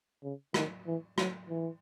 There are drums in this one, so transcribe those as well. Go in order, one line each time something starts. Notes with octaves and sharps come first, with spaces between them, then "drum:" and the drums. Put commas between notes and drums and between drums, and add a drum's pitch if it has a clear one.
C#3
D#3, drum: rim click
E3
F#3, drum: rim click
E3